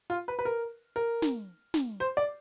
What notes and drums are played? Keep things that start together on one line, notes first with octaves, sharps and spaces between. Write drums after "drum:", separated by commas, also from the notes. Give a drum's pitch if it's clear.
F4
B4
B4
A#4
A#4
drum: snare
drum: snare
C5
D5